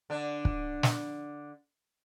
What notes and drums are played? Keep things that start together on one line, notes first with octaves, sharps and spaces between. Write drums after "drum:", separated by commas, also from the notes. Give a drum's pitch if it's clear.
D3 D4
drum: kick
drum: snare